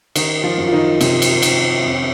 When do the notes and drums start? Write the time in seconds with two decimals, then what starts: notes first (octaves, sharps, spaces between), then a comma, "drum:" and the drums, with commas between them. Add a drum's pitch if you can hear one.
0.16 D#3 D#4, drum: cymbal
0.44 F3 F4
0.58 F#2
0.67 F4
0.72 D#3 D#4
1.01 C3 D#3 C4, drum: cymbal
1.22 drum: cymbal
1.42 D#3, drum: cymbal
1.85 F2